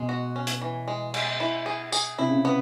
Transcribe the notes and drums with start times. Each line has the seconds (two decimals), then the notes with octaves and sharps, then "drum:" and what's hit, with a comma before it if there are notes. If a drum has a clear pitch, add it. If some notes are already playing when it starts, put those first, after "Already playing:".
Already playing: B2 G#3
0.09 F#4
0.36 C#4
0.47 drum: hi-hat
0.62 E3
0.88 G#3
1.14 G#3, drum: cymbal
1.40 E4
1.66 G#4
1.92 G#4, drum: tambourine
2.19 C3 E4
2.27 C#3
2.35 C3
2.45 B3